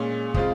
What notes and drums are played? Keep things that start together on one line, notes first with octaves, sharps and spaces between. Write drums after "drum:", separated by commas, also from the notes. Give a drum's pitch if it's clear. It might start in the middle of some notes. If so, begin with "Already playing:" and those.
Already playing: A#2 G#3 C#4
C#3 G#3 C4 F4, drum: kick